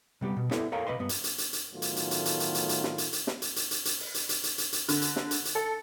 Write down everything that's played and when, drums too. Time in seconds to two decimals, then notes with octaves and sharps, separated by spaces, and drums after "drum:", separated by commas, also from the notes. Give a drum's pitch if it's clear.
0.21 C3 G3 B3 G4
0.37 B2
0.51 B3 E4 A4 D5 E5, drum: snare
0.72 A4 A#4 C#5 F5 G5 A#5
0.87 C3 G3 B4 D#5 C6
0.99 G2 B3
1.09 drum: hi-hat
1.24 drum: hi-hat
1.38 drum: hi-hat
1.53 drum: hi-hat
1.73 A2 D#3 F#3 A3 B3 F4
1.82 drum: hi-hat
1.96 drum: hi-hat
2.11 drum: hi-hat
2.25 drum: hi-hat
2.40 drum: hi-hat
2.55 drum: hi-hat
2.69 drum: hi-hat
2.84 drum: snare
2.98 drum: hi-hat
3.13 drum: hi-hat
3.27 drum: snare
3.42 drum: hi-hat
3.56 drum: hi-hat
3.71 drum: hi-hat
3.85 drum: hi-hat
4.00 drum: open hi-hat
4.14 drum: hi-hat
4.29 drum: hi-hat
4.43 drum: hi-hat
4.58 drum: hi-hat
4.73 drum: hi-hat
4.89 D3, drum: hi-hat
5.02 drum: hi-hat
5.16 drum: snare
5.31 drum: hi-hat
5.45 drum: hi-hat
5.55 A4